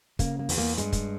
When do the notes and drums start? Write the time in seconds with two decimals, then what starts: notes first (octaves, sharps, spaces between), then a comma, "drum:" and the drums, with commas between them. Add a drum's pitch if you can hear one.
0.19 C#3 A#3, drum: kick, hi-hat
0.39 A#3
0.49 E2, drum: open hi-hat
0.58 A#3
0.77 G2 G#3, drum: hi-hat
0.92 drum: kick, hi-hat